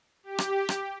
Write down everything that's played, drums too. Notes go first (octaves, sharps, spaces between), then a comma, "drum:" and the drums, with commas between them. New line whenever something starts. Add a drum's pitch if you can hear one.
G4
drum: rim click
drum: rim click